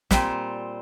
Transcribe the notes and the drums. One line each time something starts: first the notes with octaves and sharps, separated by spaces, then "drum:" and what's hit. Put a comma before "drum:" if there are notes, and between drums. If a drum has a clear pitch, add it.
A#2 G3 C4, drum: snare